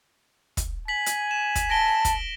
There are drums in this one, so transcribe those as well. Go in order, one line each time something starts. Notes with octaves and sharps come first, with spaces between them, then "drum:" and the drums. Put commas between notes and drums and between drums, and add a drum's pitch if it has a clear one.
drum: kick, hi-hat
G#5 B6 F#7
drum: hi-hat
E7
drum: kick, hi-hat
A5 A#6 D7 G7
drum: kick, hi-hat